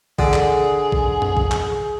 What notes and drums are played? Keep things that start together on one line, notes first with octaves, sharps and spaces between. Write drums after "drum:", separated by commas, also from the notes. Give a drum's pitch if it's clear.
D3 G#4, drum: kick A#1
drum: clap
drum: kick A#1
drum: tom F#2
drum: kick A#1
drum: clap